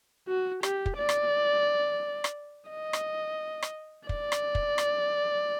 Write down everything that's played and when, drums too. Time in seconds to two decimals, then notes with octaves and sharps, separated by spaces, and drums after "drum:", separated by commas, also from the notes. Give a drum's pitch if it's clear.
0.28 F#4
0.63 G4, drum: rim click
0.86 drum: kick
0.97 D5
1.09 drum: rim click
2.24 drum: rim click
2.71 D#5
2.93 drum: rim click
3.62 drum: rim click
4.09 D5, drum: kick
4.32 drum: rim click
4.55 drum: kick
4.78 drum: rim click